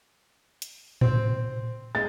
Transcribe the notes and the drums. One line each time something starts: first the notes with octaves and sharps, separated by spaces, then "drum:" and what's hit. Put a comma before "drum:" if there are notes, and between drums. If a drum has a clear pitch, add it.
drum: hi-hat
C4, drum: tom A2
G#3 A6